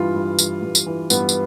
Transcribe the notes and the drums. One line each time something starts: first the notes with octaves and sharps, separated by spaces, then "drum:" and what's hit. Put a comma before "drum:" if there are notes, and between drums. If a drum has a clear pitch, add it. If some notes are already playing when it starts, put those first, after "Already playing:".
Already playing: G2 E3 F4
G2
E3, drum: tambourine
G2
drum: tambourine
E3
G2 B3, drum: tambourine
drum: tambourine